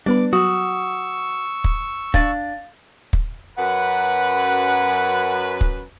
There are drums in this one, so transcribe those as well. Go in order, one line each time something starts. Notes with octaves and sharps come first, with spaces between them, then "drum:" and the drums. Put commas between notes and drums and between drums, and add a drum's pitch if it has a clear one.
G3 B3 D4 B4 D6
F#3 F#4 C#6 D#6 E6
drum: kick
D4 F5 A6, drum: kick
drum: kick
F#2 B4 F#5
drum: kick